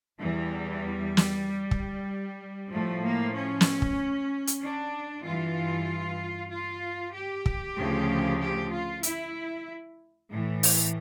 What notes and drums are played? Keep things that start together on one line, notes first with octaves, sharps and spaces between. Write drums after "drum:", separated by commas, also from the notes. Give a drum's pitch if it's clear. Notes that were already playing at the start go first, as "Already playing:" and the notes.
E2 E3 G3
drum: snare
drum: kick
A2 F3 A3
A#3
C#4
drum: snare
drum: kick
drum: hi-hat
D4
G2 E3 F4
F4
G4
drum: kick
D2 C#3 F3
G4
F4
E4, drum: hi-hat
A2 E3
drum: open hi-hat